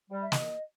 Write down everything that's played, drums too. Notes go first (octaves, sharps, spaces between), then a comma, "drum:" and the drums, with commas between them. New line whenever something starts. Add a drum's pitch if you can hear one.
G3
E5
D#5, drum: snare